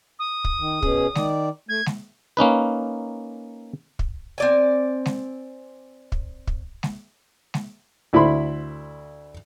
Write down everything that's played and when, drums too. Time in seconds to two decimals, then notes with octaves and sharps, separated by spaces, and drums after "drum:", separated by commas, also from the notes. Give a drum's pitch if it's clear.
0.19 D#6
0.44 drum: kick
0.60 D#3
0.82 B2 C#4 G#4, drum: kick
1.15 D#3 D5, drum: snare G#3
1.69 A3 G#6
1.86 drum: snare G#3
2.37 A#3 C#4 D#4 B4
3.99 drum: kick
4.38 C4 D5 G#5
5.06 drum: snare G#3
6.12 drum: kick
6.47 drum: kick
6.83 drum: snare G#3
7.54 drum: snare G#3
8.13 D2 E4 C5 B5 C6